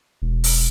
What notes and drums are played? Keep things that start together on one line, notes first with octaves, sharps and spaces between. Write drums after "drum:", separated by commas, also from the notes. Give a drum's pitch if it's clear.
E1
drum: open hi-hat